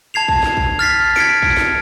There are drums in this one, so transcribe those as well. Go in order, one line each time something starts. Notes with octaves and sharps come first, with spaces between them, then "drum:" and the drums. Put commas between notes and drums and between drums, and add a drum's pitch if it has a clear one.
A5 G#6 C7 F7
drum: kick
drum: snare
drum: kick
F6 A6 B6 C7
G#6 B6 C#7 D7, drum: snare
drum: kick
drum: snare